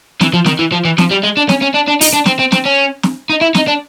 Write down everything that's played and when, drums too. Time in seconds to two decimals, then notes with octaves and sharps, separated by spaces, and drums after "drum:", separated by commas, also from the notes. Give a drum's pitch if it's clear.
0.21 E3, drum: snare
0.34 F3
0.46 D#3, drum: snare
0.59 E3
0.72 F3
0.85 E3
0.98 F3, drum: snare
1.11 G3
1.23 G#3
1.37 D4
1.49 C#4, drum: snare
1.62 C#4
1.74 D4
1.88 D4
2.01 D#4, drum: open hi-hat
2.13 D4
2.26 C4, drum: snare
2.39 C4
2.52 C4, drum: snare
2.65 C#4
3.03 drum: snare
3.30 D#4
3.41 E4
3.55 D#4, drum: snare
3.67 D4